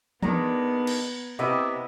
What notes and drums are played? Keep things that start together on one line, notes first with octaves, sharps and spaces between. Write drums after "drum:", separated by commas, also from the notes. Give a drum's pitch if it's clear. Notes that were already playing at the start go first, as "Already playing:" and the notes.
D#3 G#3 B3 D4 A#5, drum: tom E3
drum: cymbal
C3 B3 C4 E4 G4 D#5 E5